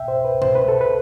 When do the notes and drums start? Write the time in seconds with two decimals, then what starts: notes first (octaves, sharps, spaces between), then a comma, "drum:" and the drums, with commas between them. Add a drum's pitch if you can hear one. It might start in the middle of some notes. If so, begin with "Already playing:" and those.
Already playing: C2 B2 E5 G5
0.08 C5
0.25 B4
0.42 C5, drum: tom B2
0.55 B4
0.69 A4
0.81 B4